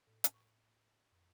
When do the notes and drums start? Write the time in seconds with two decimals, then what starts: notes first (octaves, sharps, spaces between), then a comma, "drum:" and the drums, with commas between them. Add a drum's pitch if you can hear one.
0.07 A2
0.24 drum: hi-hat
0.34 C#6
1.11 F2